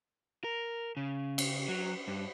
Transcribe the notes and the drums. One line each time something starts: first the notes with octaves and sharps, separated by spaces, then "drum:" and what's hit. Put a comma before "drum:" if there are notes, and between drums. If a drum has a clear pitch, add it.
A#4
C#3
drum: cymbal
F#3
G2